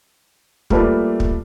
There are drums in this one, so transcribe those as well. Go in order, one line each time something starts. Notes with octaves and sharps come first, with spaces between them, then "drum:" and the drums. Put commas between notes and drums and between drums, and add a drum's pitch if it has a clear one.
G3 A3 A#3 F4 B4 D5, drum: kick
drum: kick